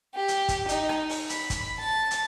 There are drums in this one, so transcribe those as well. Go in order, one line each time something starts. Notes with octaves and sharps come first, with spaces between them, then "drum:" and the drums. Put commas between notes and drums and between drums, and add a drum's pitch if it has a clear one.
G4
drum: hi-hat
drum: kick, hi-hat
D#4, drum: hi-hat
drum: rim click
drum: open hi-hat
B5, drum: hi-hat
drum: kick, hi-hat
A5
drum: hi-hat